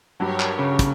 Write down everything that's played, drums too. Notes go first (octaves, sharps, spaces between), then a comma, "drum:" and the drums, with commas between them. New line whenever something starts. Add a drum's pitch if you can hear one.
G2 F#3 G4 A#4 C#5
drum: clap
C#3
drum: kick, hi-hat